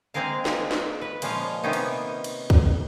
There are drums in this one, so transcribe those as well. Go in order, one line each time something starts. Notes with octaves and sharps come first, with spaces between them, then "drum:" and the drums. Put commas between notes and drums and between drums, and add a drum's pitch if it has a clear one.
G#3 A#3 C4 G#4 A#4 F5
drum: snare
drum: snare
B4
A#2 F3 G#3 C#4 F5, drum: cymbal
C3 D#3 A#3 B3 C#4 D#4
drum: cymbal
drum: cymbal
drum: kick B1